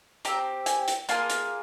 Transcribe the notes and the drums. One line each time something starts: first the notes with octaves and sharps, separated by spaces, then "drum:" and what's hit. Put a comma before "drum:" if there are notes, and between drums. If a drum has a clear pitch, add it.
C4 G4 A#5, drum: hi-hat
G#5, drum: hi-hat
drum: hi-hat
A#3 F4 G#4 C6, drum: hi-hat
drum: hi-hat